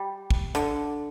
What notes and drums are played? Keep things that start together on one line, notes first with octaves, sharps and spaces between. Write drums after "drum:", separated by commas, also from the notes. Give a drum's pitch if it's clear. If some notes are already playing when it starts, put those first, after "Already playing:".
Already playing: G3
drum: kick
D3, drum: hi-hat